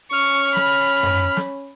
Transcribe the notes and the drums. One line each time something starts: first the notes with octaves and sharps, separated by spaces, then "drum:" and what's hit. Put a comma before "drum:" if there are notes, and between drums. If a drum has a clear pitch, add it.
C#4 C#6 F6, drum: open hi-hat
B5, drum: snare
drum: tom F#2
drum: snare